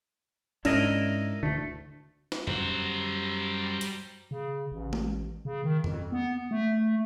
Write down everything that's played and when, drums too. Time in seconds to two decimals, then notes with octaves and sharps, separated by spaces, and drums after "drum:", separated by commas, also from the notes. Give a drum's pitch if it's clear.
0.65 G#2 C#4 D4 E4 A#4 D#5, drum: cymbal
1.43 D2 D3 A3
2.32 drum: snare
2.47 F#2 G3 C5 F#5 A#5, drum: tom F2
3.81 drum: hi-hat
4.31 C#3
4.72 A1
4.93 drum: tom G#3
5.45 C#3
5.64 D#3
5.84 F2, drum: tom F2
6.12 B3
6.51 A3